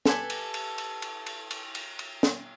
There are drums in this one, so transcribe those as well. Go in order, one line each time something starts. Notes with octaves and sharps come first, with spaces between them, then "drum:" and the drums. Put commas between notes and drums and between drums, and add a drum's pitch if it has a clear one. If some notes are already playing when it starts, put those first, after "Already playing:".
G4 A4 B4 G#5, drum: snare
drum: cymbal
drum: cymbal
drum: cymbal
drum: cymbal
drum: cymbal
drum: cymbal
drum: cymbal
drum: cymbal
drum: snare